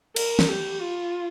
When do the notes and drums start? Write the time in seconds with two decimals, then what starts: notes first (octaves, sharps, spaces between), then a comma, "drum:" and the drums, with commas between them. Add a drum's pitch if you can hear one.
0.16 A#4, drum: cymbal
0.39 drum: snare
0.49 G4
0.81 F4